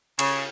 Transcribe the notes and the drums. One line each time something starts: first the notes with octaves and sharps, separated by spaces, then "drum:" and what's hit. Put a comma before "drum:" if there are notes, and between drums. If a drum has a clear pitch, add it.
C#3, drum: cymbal